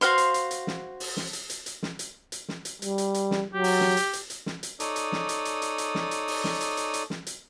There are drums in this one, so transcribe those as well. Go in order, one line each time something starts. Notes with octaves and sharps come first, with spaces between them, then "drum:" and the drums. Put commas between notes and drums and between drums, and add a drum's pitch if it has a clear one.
F#4 C5 F5 C6, drum: hi-hat
drum: hi-hat
drum: hi-hat
drum: hi-hat
drum: snare
drum: open hi-hat
drum: snare
drum: hi-hat
drum: hi-hat
drum: hi-hat
drum: snare
drum: hi-hat
drum: hi-hat
drum: snare
drum: hi-hat
G3, drum: hi-hat
drum: hi-hat
drum: hi-hat
drum: snare
F#3 G4
drum: open hi-hat
drum: snare
drum: hi-hat
drum: hi-hat
drum: hi-hat
drum: snare
drum: hi-hat
D#4 A4 C#5 D5 D#6, drum: hi-hat
drum: hi-hat
drum: snare
drum: hi-hat
drum: hi-hat
drum: hi-hat
drum: hi-hat
drum: snare
drum: hi-hat
drum: open hi-hat
drum: snare
drum: hi-hat
drum: hi-hat
drum: hi-hat
drum: snare
drum: hi-hat